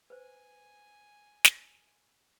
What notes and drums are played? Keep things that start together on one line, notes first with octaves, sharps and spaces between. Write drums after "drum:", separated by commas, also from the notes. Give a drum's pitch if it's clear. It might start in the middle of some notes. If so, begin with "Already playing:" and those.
B4 C5 G#5
drum: snare